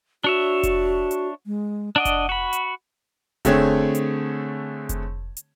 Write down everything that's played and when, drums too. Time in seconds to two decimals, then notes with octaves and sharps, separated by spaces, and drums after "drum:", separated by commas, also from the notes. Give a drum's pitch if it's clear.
0.24 D4 F#4 C#5 E5
0.63 drum: kick F1, hi-hat
1.11 drum: hi-hat
1.47 G#3
1.96 D4 D5 D#5 F#5
2.05 drum: kick F1, hi-hat
2.29 F#4 B5
2.53 drum: hi-hat
3.45 D3 A3 C4 G#4 C#5, drum: kick F1, hi-hat
3.95 drum: hi-hat
4.89 drum: kick F1, hi-hat
5.37 drum: hi-hat